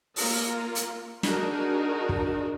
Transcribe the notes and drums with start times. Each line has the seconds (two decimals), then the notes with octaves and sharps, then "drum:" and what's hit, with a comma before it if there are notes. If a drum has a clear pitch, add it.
0.16 A#3 F4 A#5, drum: open hi-hat
0.75 drum: hi-hat
1.23 D4 D#4 F#4 G#4 A#4, drum: snare
2.09 drum: kick